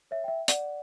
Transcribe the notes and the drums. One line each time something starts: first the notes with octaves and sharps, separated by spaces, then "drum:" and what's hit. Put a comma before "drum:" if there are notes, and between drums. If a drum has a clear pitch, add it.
C#5 E5
E5 G5
D5 F#5, drum: hi-hat